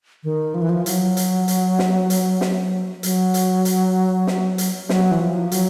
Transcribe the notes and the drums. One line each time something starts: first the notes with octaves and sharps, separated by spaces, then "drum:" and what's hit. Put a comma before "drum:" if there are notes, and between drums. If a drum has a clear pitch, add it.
D#3
F3
E3
F3
F#3, drum: hi-hat
drum: hi-hat
drum: hi-hat
drum: snare
drum: hi-hat
drum: snare
F#3, drum: hi-hat
drum: hi-hat
drum: hi-hat
drum: snare
drum: hi-hat
F#3, drum: snare
E3
F3
F#3, drum: hi-hat